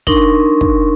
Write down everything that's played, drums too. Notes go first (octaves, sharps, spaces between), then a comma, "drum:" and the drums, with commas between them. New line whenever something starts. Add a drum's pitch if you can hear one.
D4 D#4 A#4 C6 C#6, drum: kick
drum: kick